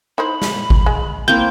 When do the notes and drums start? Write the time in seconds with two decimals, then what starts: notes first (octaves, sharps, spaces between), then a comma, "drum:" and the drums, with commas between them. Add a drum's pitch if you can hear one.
0.18 D#4 E4 C5 B5
0.42 drum: snare
0.70 drum: kick G#1
0.86 G#3
1.28 A#3 C4 E4 G6